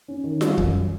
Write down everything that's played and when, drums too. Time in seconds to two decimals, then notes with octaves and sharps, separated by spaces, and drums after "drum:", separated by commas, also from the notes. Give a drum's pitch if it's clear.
0.08 C#4
0.24 D#3
0.41 G3, drum: snare F4
0.58 F#2, drum: kick